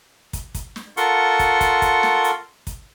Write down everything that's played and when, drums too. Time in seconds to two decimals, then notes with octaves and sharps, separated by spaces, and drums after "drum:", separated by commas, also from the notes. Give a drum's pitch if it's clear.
0.33 drum: kick, hi-hat
0.55 drum: kick, hi-hat
0.76 drum: snare
0.97 F4 A4 A#4 F#5 C6 C#6, drum: hi-hat
1.39 drum: kick, hi-hat
1.61 drum: kick, hi-hat
1.82 drum: kick, hi-hat
2.03 drum: snare
2.24 drum: hi-hat
2.67 drum: kick, hi-hat